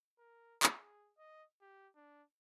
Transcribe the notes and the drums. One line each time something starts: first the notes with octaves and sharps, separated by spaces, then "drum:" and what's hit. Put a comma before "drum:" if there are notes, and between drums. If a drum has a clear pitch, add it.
A#4
G#4, drum: clap
D#5
G4
D4